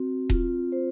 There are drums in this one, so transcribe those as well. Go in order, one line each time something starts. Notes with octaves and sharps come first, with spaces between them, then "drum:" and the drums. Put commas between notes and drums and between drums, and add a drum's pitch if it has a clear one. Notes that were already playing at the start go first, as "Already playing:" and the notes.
Already playing: C4 F#4
F4, drum: kick D#1
C5